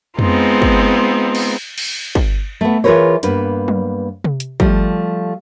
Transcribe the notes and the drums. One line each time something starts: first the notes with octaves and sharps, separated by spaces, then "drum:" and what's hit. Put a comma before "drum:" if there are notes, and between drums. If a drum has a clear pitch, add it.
G#3 B3 C4 D#4 F4, drum: tom F2
drum: kick
drum: cymbal
drum: cymbal
drum: kick
A3 B3
E3 F4 G#4 A#4 B4 C#5
G2 A#3 B3 B4, drum: hi-hat
drum: tom F#3
drum: tom C3
drum: hi-hat
F3 G3 A3, drum: kick